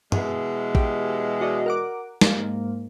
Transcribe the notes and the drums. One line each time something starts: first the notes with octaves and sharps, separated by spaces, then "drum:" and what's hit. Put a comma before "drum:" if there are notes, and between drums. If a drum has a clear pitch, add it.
B2 E3 G#3, drum: tom
G4, drum: kick
F#4 D5 D#5
A#4 F#5 D6
G#2 A#3, drum: snare